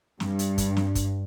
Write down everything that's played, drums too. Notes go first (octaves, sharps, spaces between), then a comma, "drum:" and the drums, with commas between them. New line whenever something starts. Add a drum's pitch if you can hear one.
G2, drum: snare
drum: hi-hat
drum: kick, hi-hat
drum: snare
drum: kick, hi-hat